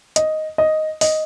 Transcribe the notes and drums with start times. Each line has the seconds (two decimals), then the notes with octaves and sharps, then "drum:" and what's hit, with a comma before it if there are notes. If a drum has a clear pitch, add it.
0.16 D#5, drum: hi-hat
0.58 D#5
1.01 D#5, drum: open hi-hat